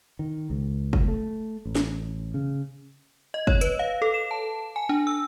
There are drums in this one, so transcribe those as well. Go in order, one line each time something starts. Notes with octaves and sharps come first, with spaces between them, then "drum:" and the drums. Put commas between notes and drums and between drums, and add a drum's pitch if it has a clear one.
D#3
C#2
drum: kick
A3
A1
drum: snare
C#3
D#5
C#5, drum: kick
B4, drum: hi-hat
F5
A4
E7
A5
G#5
D4
E6